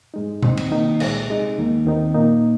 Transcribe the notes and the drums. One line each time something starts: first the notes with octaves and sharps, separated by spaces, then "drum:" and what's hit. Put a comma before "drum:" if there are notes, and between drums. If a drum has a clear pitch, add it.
G#2 G#3 D#4
D#2 D#3 C4 D#4, drum: tom B2
drum: cymbal
C3 D#3 A#3 D#4
C2 A#2 G#3, drum: cymbal
C3 G#3 D#4
D#2 D#3 A#3 D#4
D#2 D#3 C4 D#4
A#2 A#3 D#4